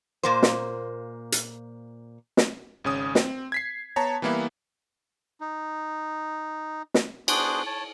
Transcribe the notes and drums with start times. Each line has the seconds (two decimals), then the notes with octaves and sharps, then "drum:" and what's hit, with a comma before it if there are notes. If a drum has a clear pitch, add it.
0.23 A#2 A#3 C5
0.43 drum: snare
1.32 drum: hi-hat
2.37 drum: snare
2.84 G#1 C#3 C#4 D#6
3.15 C4, drum: snare
3.52 G#6 B6 C7
3.96 B3 C#5 A5 A#5
4.22 E3 G3 A#3 B3 E4
5.41 D#4
6.94 drum: snare
7.28 B3 D4 F#4 G#4 C5, drum: cymbal
7.66 C#5 A5